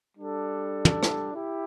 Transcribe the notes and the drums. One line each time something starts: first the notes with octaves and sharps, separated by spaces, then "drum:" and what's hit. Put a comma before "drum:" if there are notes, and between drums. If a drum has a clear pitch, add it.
G3 D4 A4
drum: tom
drum: rim click
E4 G4